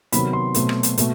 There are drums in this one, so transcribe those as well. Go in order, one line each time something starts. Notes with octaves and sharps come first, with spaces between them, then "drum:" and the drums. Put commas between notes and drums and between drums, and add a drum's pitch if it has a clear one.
C3 D#3 F#3 B3 B5, drum: hi-hat
C6
B2 F#3 A3 C4, drum: hi-hat
drum: rim click
drum: hi-hat
B2 A3, drum: hi-hat